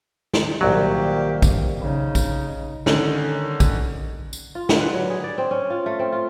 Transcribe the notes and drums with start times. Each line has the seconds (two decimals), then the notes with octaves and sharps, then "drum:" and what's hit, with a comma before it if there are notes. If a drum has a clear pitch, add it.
0.34 drum: snare
0.61 C2 A#2 D#3 F#3 G4
1.42 drum: kick A#1, tambourine
1.80 C#3 D#4
2.15 drum: kick A#1, tambourine
2.86 D3 D#3 C#4 D#4, drum: snare
3.60 drum: kick A#1, tambourine
4.33 drum: tambourine
4.55 F4
4.69 D3, drum: snare
4.81 B4
4.94 F#3
5.10 G#4
5.24 D5
5.38 C4
5.51 C#4
5.70 F4
5.86 A3
5.99 C4
6.12 F4